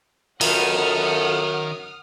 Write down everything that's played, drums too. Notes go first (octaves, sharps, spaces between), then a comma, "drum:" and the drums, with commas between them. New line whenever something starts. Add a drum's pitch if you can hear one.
F#2 D#3 A4 D#5 F#5 D#6 F6, drum: cymbal